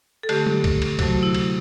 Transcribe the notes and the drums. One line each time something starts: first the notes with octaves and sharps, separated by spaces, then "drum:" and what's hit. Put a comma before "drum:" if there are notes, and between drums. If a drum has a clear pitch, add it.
A4
D3 A3 G4, drum: cymbal
drum: tom F#3
drum: kick, cymbal
drum: cymbal
C3 F#3 A3 F#4, drum: kick, cymbal
E4
drum: cymbal